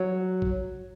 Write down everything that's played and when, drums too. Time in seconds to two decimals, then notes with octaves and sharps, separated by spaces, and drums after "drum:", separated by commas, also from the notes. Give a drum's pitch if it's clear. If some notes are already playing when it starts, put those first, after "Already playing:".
Already playing: F#3
0.42 drum: kick A1